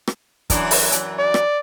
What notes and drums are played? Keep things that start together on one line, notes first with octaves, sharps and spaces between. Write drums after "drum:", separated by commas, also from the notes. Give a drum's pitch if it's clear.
drum: rim click
F#2 E3 D4, drum: kick, hi-hat
drum: open hi-hat
drum: hi-hat
D5
drum: rim click